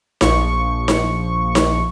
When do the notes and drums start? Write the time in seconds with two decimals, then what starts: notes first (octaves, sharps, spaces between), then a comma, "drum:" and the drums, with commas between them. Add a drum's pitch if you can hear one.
0.21 A#1 F3 C#6, drum: snare D#4
0.88 drum: snare D#4
1.55 drum: snare D#4